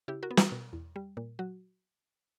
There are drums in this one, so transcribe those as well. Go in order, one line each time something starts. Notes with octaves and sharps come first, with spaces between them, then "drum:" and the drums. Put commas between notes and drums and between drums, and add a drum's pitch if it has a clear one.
C#3 E4 G4
F#4 A#4
B3
F#4, drum: snare
B2
E2
G3
A#2
F#3 F#4